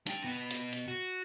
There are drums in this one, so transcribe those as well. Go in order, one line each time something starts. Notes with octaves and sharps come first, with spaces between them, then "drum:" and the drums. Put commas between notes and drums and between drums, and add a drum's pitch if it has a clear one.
D4 G5, drum: hi-hat
B2 B3
drum: hi-hat
drum: hi-hat
F#4